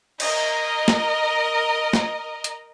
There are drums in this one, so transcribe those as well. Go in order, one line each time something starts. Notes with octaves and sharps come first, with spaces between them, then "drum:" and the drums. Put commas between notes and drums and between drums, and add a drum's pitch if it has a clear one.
A#4 D#5, drum: cymbal
drum: snare
drum: snare
drum: hi-hat